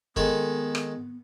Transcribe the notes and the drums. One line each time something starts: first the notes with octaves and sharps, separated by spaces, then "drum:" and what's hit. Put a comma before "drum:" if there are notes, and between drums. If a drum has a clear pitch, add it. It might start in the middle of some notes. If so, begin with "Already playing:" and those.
D#3 G#3 B3 A4, drum: kick
drum: rim click